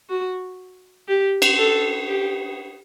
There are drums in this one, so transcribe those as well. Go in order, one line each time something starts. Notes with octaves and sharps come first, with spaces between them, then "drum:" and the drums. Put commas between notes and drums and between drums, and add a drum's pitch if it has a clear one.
F#4
G4
drum: cymbal
A4
G4